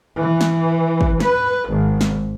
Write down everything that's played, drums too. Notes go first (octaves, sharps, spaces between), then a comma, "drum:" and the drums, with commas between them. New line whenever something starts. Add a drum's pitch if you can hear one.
E3
drum: snare
drum: kick
B4, drum: snare
G#1
drum: snare